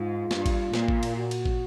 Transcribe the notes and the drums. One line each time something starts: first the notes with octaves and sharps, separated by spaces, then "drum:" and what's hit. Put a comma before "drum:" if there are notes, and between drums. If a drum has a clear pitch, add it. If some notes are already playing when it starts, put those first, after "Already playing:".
Already playing: G#2 F4
G2, drum: snare
drum: kick, cymbal
A#2, drum: snare
drum: kick
drum: cymbal
F#4
drum: cymbal
drum: kick